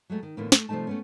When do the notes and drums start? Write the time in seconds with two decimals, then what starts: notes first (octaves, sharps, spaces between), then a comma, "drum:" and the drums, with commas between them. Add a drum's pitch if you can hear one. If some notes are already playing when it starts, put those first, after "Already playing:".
0.10 F#3 G#3 A3
0.23 D#3
0.37 A2 D3 E3 A#3 B3
0.52 A3, drum: snare
0.69 C3 F3 G3 A3 D#4 A5
0.87 A3 B3 C#4